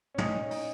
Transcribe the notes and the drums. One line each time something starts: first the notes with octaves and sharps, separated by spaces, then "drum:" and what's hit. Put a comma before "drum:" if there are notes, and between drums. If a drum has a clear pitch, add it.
C#4
A#2 A3 D#4, drum: tom
C#4
D#4, drum: open hi-hat